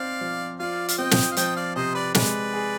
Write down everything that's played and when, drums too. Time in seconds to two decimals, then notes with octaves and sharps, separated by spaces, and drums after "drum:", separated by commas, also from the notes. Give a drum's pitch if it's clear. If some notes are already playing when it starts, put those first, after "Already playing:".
Already playing: C4 D#4 D5 F5
0.21 F3
0.60 F4 D5 F5
0.89 F5, drum: hi-hat
0.98 C4 D#5 G5
1.11 drum: snare
1.32 F5
1.37 F3 D#5 G5, drum: hi-hat
1.56 D5 F5
1.76 C3 C5 D#5
1.95 B4 D5
2.14 G#3 B4 D5, drum: snare
2.53 G#4